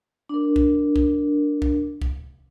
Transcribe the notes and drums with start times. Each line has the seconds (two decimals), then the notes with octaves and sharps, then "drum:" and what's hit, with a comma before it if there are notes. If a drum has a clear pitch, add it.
0.29 D4 A#4
0.56 drum: kick
0.96 drum: kick
1.62 drum: kick
2.02 drum: kick